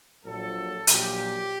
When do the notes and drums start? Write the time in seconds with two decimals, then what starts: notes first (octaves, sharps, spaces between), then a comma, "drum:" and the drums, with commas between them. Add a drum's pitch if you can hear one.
0.25 A#1 A#2 F#3 A4
0.87 A#1 A#2 F#3 G4, drum: hi-hat